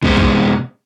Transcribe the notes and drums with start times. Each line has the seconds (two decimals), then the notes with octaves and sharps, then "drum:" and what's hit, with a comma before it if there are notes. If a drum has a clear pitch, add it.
0.03 C3 G#3 B3 G#4 C5, drum: kick
0.17 drum: kick